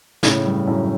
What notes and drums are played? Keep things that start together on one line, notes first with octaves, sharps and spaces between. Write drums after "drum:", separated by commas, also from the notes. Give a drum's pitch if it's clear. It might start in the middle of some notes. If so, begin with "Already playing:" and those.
A2 C#3, drum: snare
G2
F#2 A2